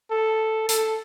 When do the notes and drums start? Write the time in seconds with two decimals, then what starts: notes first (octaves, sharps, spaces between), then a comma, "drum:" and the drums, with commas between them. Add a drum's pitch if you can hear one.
0.11 A4
0.69 A4, drum: hi-hat